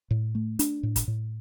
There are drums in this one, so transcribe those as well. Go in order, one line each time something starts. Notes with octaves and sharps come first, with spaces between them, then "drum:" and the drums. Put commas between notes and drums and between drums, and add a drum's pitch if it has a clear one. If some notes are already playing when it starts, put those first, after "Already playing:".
A2
A3
D4, drum: hi-hat
A2
drum: kick, hi-hat
A2